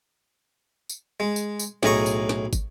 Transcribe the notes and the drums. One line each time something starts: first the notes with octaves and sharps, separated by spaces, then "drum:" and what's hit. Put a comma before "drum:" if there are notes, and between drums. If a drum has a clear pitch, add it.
drum: tambourine
G#3
drum: tambourine
drum: tambourine
B1 A2 G#4 D#5 A#5 C#6, drum: snare
drum: tambourine
drum: snare
drum: kick, tambourine